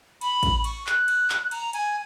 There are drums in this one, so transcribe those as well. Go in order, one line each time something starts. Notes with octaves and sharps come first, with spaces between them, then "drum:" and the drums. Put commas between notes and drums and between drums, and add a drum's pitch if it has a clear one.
B5, drum: cymbal
drum: kick A1, cymbal
C#6, drum: cymbal
F#6, drum: clap
drum: cymbal
drum: clap
A#5, drum: cymbal
G#5, drum: cymbal